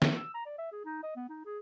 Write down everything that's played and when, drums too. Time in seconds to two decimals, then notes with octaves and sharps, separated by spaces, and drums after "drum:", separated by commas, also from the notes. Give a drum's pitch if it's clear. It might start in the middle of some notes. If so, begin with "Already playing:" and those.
0.02 E5, drum: snare
0.17 E6
0.34 A#5
0.46 D5
0.58 E5
0.72 G#4
0.85 D#4
1.03 D#5
1.16 B3
1.29 D#4
1.45 G#4